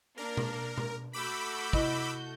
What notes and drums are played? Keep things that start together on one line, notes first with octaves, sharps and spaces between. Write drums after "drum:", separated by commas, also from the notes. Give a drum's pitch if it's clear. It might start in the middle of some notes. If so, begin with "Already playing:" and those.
A#3 D4 A#4
drum: tom B2
drum: tom B2
A3 F#4 B5 D6 E6 G6
C3 E4 D#5, drum: kick